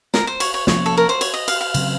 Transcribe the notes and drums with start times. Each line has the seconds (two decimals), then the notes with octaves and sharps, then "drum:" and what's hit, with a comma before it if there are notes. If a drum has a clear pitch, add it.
0.14 A#4, drum: snare
0.27 C5
0.40 C#5, drum: cymbal
0.54 C#5
0.67 C3 F3 A#3 C#4 C#5, drum: snare
0.86 A4
0.97 A#4
1.09 C5
1.21 C#5, drum: cymbal
1.34 D#5
1.48 F5, drum: cymbal
1.61 F5
1.74 C#3 F#3 C4, drum: cymbal